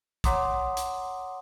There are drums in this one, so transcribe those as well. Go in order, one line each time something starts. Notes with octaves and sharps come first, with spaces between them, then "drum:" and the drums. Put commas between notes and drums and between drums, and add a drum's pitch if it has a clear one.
C#5 F#5 A#5 C6 D6 D#6, drum: kick, hi-hat
drum: hi-hat